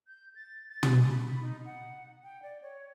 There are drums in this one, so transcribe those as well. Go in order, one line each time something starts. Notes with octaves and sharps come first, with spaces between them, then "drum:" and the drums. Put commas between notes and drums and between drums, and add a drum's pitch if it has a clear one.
G6
A6
A6
drum: tom
B5
D#4
F#5
G5
D5
C#5